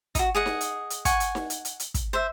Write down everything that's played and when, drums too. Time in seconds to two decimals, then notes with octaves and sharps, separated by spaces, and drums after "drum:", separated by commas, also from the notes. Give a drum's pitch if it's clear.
0.15 D#4 F#4, drum: kick, hi-hat
0.35 G#4 D#5 F#5
0.46 drum: snare D#4
0.61 drum: hi-hat
0.90 drum: hi-hat
1.05 F#5 G#5 C#6, drum: kick, hi-hat
1.20 drum: hi-hat
1.35 drum: snare D#4
1.50 drum: hi-hat
1.65 drum: hi-hat
1.80 drum: hi-hat
1.94 drum: kick, hi-hat
2.13 C5 E5